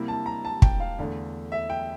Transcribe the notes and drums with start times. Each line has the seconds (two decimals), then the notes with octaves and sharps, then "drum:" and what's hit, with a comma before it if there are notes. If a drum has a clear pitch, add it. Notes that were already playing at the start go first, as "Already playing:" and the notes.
Already playing: C3 G3 A#3 E4
0.08 A5
0.26 A#5
0.45 A5
0.62 G5, drum: kick
0.80 F5
0.98 E2 D3 A3
1.52 E5
1.70 G5